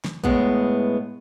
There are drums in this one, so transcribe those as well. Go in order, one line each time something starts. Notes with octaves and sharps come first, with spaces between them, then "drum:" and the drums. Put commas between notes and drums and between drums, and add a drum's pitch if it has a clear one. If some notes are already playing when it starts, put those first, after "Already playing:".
drum: snare
A2 G#3 B3, drum: kick